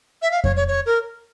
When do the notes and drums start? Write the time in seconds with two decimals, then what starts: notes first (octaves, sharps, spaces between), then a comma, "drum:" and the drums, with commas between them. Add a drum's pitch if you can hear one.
0.22 E5
0.31 F5
0.44 C#5, drum: kick F2
0.56 C#5
0.68 C#5
0.86 A#4